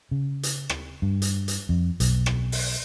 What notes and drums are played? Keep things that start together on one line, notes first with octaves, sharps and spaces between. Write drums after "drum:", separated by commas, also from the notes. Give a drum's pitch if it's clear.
C#3
drum: hi-hat
drum: rim click
G2
drum: hi-hat
drum: hi-hat
F2
B1, drum: hi-hat
drum: rim click
drum: open hi-hat